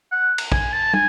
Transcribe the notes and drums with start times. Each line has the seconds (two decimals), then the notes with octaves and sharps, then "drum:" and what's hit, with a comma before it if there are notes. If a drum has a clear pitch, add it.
0.12 F#5
0.38 drum: cymbal
0.52 G#5, drum: kick
0.73 A5
0.93 G#5, drum: tom